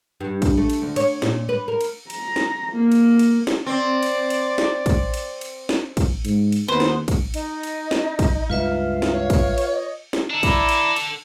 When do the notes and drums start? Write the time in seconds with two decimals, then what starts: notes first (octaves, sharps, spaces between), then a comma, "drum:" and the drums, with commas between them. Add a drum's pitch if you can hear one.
0.21 G2
0.42 drum: kick, cymbal
0.57 A3
0.70 drum: cymbal
0.82 D2
0.96 C#5, drum: cymbal
1.22 A#2, drum: snare
1.49 B4
1.68 A#4
1.81 drum: cymbal
2.10 A#5, drum: cymbal
2.36 drum: snare
2.73 A#3
2.92 drum: cymbal
3.19 drum: cymbal
3.47 drum: snare
3.66 C4 D5
4.03 drum: cymbal
4.30 drum: cymbal
4.58 drum: snare
4.86 drum: kick, cymbal
5.14 drum: cymbal
5.41 drum: cymbal
5.69 drum: snare
5.97 drum: kick, cymbal
6.25 G#2, drum: cymbal
6.52 drum: cymbal
6.68 D#2 B3 D#4 B4 C5
6.80 drum: snare
7.08 drum: kick, cymbal
7.34 D#4, drum: cymbal
7.63 drum: cymbal
7.91 drum: snare
8.19 drum: kick, cymbal
8.50 C#2 G2 F4 B4 E5 F5
9.02 drum: snare
9.13 C#5
9.30 drum: kick, cymbal
9.58 drum: cymbal
9.73 D#5
10.13 drum: snare
10.30 D4 D#4 A4
10.43 E4 D5 A#5, drum: kick, cymbal
10.69 drum: cymbal
10.96 drum: cymbal